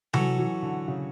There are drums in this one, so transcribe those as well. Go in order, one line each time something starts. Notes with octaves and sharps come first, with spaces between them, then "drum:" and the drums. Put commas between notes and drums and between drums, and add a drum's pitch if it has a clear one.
E3 F#3 C#4 F#4 A4, drum: tom C3
E3
D3
C#3